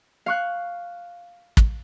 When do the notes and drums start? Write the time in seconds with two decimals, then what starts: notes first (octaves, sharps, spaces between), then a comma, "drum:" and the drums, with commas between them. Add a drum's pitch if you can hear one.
0.26 F5 C#6 F#6
1.57 drum: kick